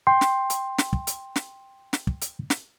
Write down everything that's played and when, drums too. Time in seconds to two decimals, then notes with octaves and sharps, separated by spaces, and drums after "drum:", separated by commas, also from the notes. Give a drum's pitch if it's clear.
0.07 G5 C6
0.21 drum: snare
0.50 drum: hi-hat
0.78 drum: snare
0.93 drum: kick
1.07 drum: hi-hat
1.36 drum: snare
1.93 drum: snare
2.07 drum: kick
2.21 drum: hi-hat
2.50 drum: snare